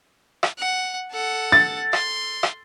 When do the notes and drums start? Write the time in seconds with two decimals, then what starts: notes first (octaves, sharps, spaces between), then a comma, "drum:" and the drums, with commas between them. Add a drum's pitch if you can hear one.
0.43 drum: rim click
0.58 F#5
1.12 A4 F#5
1.52 A6
1.93 C6, drum: rim click
2.43 drum: rim click